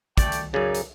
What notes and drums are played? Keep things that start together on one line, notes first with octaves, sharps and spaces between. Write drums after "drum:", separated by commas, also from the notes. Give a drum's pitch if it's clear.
A3 D5 G5, drum: kick, hi-hat
drum: hi-hat
F#2 C#3 D#4 D5 G#5
drum: hi-hat